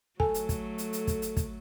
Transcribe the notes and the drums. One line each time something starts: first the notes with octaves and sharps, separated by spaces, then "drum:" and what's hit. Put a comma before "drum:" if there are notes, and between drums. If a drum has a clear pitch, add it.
F#3 A3 A4 G#5, drum: kick
drum: hi-hat
drum: kick, hi-hat
drum: hi-hat
drum: hi-hat
drum: kick, hi-hat
drum: hi-hat
drum: kick, hi-hat